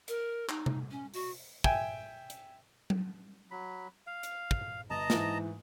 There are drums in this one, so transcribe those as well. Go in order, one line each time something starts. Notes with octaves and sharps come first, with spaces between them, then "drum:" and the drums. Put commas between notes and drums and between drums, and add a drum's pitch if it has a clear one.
A#4, drum: hi-hat
D#4, drum: clap
drum: tom C3
C#4
F#4, drum: open hi-hat
E5 G5 G#5, drum: kick
drum: hi-hat
drum: tom F#3
F#3 B5
F5
drum: hi-hat
drum: kick
G1 D#5 A5 A#5
G#2 E3, drum: snare